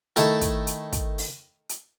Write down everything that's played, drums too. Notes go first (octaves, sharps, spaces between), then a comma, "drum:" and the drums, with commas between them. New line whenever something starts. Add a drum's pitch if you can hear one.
D#3 A3 E4 A4, drum: hi-hat
drum: kick, hi-hat
drum: hi-hat
drum: kick, hi-hat
drum: open hi-hat
drum: hi-hat